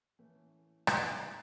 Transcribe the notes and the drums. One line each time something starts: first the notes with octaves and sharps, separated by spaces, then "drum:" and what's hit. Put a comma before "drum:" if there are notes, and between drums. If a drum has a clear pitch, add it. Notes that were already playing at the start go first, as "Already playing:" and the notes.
A2 E3 A3 C#4
A3, drum: rim click
E4 G#4